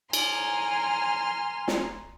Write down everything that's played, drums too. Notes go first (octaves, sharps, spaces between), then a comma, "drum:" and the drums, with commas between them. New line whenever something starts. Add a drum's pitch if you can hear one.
G#5 A#5 C6 F6, drum: cymbal
drum: snare